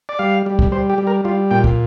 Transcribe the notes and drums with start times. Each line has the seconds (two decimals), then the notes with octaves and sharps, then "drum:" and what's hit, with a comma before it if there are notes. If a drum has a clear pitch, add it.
0.09 D5
0.19 G3 F5
0.46 G3
0.59 drum: kick
0.72 G3 C5
0.90 G4
0.98 G3
1.07 A#4
1.25 G3 F4
1.51 A#2 G5
1.64 drum: kick